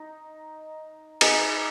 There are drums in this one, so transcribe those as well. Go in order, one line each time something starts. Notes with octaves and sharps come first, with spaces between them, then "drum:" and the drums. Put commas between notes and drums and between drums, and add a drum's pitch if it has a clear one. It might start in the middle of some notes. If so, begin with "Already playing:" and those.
Already playing: D#4
D#4 G#4 B4 D#5, drum: cymbal